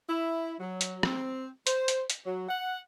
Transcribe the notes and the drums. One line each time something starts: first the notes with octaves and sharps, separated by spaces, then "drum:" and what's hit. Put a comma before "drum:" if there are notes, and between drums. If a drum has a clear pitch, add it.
E4
F#3
drum: hi-hat
C4, drum: rim click
C5, drum: hi-hat
drum: hi-hat
drum: hi-hat
F#3
F#5